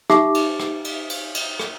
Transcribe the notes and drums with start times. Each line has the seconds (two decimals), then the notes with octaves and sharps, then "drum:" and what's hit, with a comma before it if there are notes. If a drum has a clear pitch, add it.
0.10 D#4 G4 E5 D6, drum: rim click
0.35 drum: cymbal
0.60 drum: rim click
0.85 drum: cymbal
1.10 drum: cymbal
1.35 drum: cymbal
1.60 drum: rim click